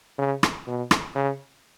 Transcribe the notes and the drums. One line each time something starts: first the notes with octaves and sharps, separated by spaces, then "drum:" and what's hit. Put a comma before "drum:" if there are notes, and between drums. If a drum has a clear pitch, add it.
C#3
drum: rim click
B2
drum: rim click
C#3